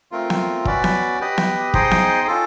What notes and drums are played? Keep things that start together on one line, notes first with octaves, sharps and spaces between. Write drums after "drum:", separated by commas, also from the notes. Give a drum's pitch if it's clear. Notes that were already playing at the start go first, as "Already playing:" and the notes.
A3 C4 F4 A#4
drum: snare B3
C#4 F#4 B4 D5, drum: kick
drum: snare B3
G4 B4 D#5
drum: snare B3
D#4 G#4 C5 D#5 G5, drum: kick
drum: snare B3
C#4 F4 A4